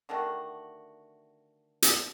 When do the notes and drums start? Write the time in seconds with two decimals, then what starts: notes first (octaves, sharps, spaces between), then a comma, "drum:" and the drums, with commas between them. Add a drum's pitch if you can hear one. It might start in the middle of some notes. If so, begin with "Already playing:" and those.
0.09 D3 D#3 A3 F#4
1.82 drum: hi-hat